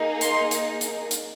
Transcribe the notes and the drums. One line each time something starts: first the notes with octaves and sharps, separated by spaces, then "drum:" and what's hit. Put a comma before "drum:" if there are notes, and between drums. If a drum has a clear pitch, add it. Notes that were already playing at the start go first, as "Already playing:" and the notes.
Already playing: A#3 D#4 G#4
C6, drum: hi-hat
drum: hi-hat
drum: hi-hat
drum: hi-hat